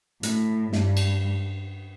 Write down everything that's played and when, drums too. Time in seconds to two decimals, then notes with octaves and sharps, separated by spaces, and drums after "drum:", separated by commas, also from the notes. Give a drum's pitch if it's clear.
0.23 A2, drum: hi-hat
0.73 G2, drum: snare
0.97 drum: cymbal